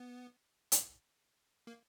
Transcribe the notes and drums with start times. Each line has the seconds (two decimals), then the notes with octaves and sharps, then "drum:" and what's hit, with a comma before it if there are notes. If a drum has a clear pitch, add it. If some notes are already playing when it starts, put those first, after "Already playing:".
Already playing: B3
0.72 drum: hi-hat
1.67 A#3